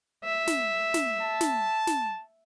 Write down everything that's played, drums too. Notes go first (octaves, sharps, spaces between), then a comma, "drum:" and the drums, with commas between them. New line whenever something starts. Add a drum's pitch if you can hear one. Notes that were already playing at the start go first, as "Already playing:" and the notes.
E5
drum: snare
drum: snare
A5
drum: snare
drum: snare